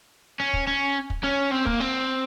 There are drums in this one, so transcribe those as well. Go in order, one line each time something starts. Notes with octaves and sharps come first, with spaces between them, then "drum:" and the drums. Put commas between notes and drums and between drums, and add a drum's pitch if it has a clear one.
C#4
drum: kick
C#4
drum: kick
C#4
C4
A#3, drum: kick
C4